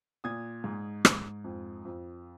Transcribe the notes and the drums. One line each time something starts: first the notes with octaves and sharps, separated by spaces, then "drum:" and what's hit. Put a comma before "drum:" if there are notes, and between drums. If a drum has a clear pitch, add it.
A#2 D#6 G#6
G#2
G#2, drum: rim click
F2
F2